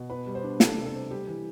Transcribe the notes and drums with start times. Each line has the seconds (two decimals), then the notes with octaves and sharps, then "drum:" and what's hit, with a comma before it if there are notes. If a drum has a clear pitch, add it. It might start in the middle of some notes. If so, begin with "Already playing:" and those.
Already playing: B2
0.10 B3 B4
0.27 G3
0.35 C5
0.43 D4
0.60 G3 A4, drum: snare
0.77 C3
0.86 A4
0.93 C4
1.11 G3 G4
1.27 E3